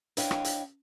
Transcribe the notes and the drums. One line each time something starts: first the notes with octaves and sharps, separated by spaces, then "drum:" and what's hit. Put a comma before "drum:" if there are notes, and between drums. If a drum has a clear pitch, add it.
D4 E4 C#5 D#5 F5 G5, drum: hi-hat
drum: rim click
drum: hi-hat